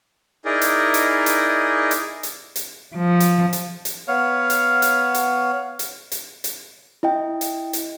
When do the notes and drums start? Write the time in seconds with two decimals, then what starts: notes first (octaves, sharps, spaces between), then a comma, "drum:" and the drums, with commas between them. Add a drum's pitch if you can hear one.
0.45 D#4 E4 G#4 A#4 D5 D#5
0.61 drum: hi-hat
0.94 drum: hi-hat
1.26 drum: hi-hat
1.91 drum: hi-hat
2.23 drum: hi-hat
2.56 drum: hi-hat
2.94 F3
3.20 drum: hi-hat
3.53 drum: hi-hat
3.85 drum: hi-hat
4.08 B3 C#5 F5
4.50 drum: hi-hat
4.82 drum: hi-hat
5.14 drum: hi-hat
5.79 drum: hi-hat
6.12 drum: hi-hat
6.44 drum: hi-hat
7.03 E4 D#5 G5
7.41 drum: hi-hat
7.73 drum: hi-hat